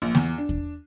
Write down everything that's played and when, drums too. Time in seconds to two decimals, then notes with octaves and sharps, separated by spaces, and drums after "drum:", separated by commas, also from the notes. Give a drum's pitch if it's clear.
0.02 A#1
0.15 E2, drum: snare
0.38 D4
0.49 drum: kick E2